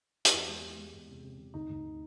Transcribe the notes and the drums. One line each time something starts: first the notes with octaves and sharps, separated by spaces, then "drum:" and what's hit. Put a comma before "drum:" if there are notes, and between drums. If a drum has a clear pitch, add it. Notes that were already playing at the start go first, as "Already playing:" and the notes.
F#4, drum: hi-hat
E2 G4
G#3
G#3
G#3
E2
C3
C3
C3
D2 D#4
D2